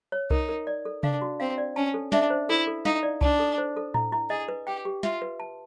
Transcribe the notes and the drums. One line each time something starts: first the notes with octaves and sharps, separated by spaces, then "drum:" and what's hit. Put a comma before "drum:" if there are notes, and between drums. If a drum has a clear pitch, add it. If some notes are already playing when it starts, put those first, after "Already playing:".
C#5
D#4 A#4, drum: kick C2
A#4
D5
A4
D4 F5, drum: tom C3
F#4
C4 F5
D5
C#4 A5
A4
D4 E5, drum: snare
C5
E4 A4
A4
D#4 F5, drum: snare
D5
D4 A5, drum: kick C2
A4
C5
A4
E4, drum: tom A2
E4
G#4 D#5
B4
G4 G5
G4
F4 E5, drum: snare
B4
A5